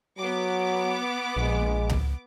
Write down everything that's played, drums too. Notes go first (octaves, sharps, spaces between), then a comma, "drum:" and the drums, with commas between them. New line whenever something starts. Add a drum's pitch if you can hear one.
F#3 B3 D6
A#1 G#3
drum: tom C#2